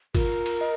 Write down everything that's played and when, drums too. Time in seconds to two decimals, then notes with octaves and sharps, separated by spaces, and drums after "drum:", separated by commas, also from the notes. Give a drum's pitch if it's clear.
0.15 F4 A#4, drum: kick, cymbal
0.46 drum: cymbal
0.61 D#5